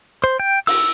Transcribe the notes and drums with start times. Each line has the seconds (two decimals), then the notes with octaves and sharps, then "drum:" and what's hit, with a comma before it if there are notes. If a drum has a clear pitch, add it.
0.24 C5
0.40 G5
0.67 E6, drum: open hi-hat